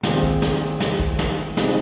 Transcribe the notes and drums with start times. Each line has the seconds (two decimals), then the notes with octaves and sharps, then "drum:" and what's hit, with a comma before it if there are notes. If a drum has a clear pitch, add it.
0.03 A#2 D#3 G#3 C4, drum: snare
0.23 drum: kick, hi-hat
0.42 drum: snare
0.61 drum: hi-hat
0.80 drum: snare
1.00 drum: kick, hi-hat
1.19 drum: snare
1.38 drum: hi-hat
1.57 C3 F3 G#3 D#4, drum: snare